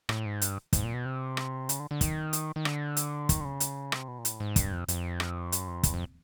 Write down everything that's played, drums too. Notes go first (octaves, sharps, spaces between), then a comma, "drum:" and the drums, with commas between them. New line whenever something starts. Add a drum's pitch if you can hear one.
A2, drum: rim click
G#2
G2, drum: hi-hat
G#2, drum: kick, hi-hat
A#2
B2
C3
drum: rim click
C#3, drum: hi-hat
D3
D3
D#3, drum: kick, hi-hat
drum: hi-hat
D#3
D3, drum: rim click
drum: hi-hat
D#3, drum: kick, hi-hat
D3
C#3
drum: hi-hat
C3, drum: rim click
B2
A#2
A2, drum: hi-hat
G#2
G2, drum: kick, hi-hat
F2
F2, drum: hi-hat
drum: rim click
F#2, drum: hi-hat
F2
E2, drum: kick, hi-hat
F2